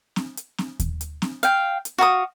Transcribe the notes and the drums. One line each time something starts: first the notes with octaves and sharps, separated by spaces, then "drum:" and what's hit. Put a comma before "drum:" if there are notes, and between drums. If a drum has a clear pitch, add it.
drum: snare C4
drum: hi-hat
drum: snare C4
drum: kick D#2, hi-hat
drum: hi-hat
drum: snare C4
F5 G5, drum: hi-hat
drum: hi-hat
F#4 F5 A5 D#6